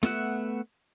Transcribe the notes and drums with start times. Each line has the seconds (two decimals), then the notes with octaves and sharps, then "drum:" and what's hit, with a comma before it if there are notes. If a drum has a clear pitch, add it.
0.03 A3 B3 E5 F#5, drum: snare